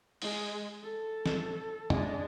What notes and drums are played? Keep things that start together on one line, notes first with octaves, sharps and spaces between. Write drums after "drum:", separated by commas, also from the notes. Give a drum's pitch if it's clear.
G#3, drum: open hi-hat
A4
drum: snare
G#3 D4, drum: tom